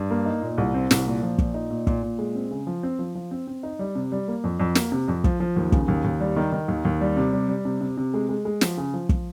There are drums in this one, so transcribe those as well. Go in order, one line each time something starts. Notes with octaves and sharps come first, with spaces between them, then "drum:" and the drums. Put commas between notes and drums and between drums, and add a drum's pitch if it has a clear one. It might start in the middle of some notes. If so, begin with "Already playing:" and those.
Already playing: G2
A#3
D#4
A#2
C2
C4
C2, drum: snare
A#2
F3
A#2, drum: kick
D#4
A#2
A#2, drum: kick
A#2
G#3
C4
C#3
F3
C4
F3
F3
C4
C4
D#4
G3
C3
G3
A#3
F2
F2
A#3, drum: snare
C3
F2
F3, drum: kick
F3
D#2
C#3, drum: kick
D#2
D#2
G3
D#3
D#3
D#2
D#2
G3
C3
G3
G3
C3
C3
C3
G#3
G#3
G#3
F3, drum: snare
C#3
F3
F3, drum: kick